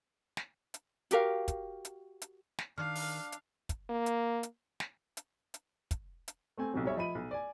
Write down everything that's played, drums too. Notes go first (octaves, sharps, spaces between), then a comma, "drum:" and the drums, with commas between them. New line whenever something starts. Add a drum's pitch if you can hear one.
drum: snare
drum: hi-hat
F#4 G4 A#4 F5, drum: hi-hat
drum: kick, hi-hat
drum: hi-hat
drum: hi-hat
drum: snare
D#3 D4 F5 F6
drum: open hi-hat
drum: hi-hat
drum: kick, hi-hat
A#3
drum: hi-hat
drum: hi-hat
drum: snare
drum: hi-hat
drum: hi-hat
drum: kick, hi-hat
drum: hi-hat
A3 C4 G#5
B1 C3 F#3
B1 G3 C#5 E5
F3 D#5 E5 B5 D#7
B1
D5 G#5